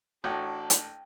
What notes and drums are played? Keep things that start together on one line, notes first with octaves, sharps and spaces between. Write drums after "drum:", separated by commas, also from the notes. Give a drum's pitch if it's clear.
A1 D4 F#4 A4 C#5 G5 G6
drum: hi-hat